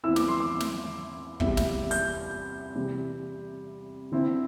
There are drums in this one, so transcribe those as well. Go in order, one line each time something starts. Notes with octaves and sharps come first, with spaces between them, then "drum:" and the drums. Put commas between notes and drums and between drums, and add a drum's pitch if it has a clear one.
E2 E3 C4 E4 E6
D6, drum: snare
C6
D6
drum: snare
E2 C3 G3 E5, drum: kick
E5, drum: snare
G6, drum: hi-hat
C3 E3 G3 E4
D3 C4 E4